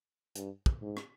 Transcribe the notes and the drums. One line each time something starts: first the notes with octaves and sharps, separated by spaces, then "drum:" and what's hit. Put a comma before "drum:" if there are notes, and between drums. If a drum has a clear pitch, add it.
G2, drum: hi-hat
drum: kick
G#2
drum: rim click